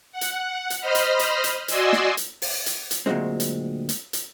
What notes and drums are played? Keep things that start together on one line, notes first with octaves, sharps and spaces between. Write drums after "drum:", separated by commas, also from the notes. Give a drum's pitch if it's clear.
F#5
drum: hi-hat
drum: hi-hat
C5 D#5 B5 F6
drum: hi-hat
drum: hi-hat
drum: hi-hat
F#4 D5 D#5 G#5 C6 E6, drum: hi-hat
drum: snare
drum: hi-hat
drum: open hi-hat
drum: hi-hat
drum: hi-hat
D2 A#2 F3 F#3 G#3 C4
drum: hi-hat
drum: hi-hat
drum: hi-hat